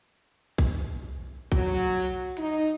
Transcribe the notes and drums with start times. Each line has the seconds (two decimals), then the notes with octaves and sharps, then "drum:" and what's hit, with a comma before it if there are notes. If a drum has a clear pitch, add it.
0.58 drum: kick A#1
1.52 F#3, drum: kick A#1
2.00 drum: open hi-hat
2.37 D#4, drum: hi-hat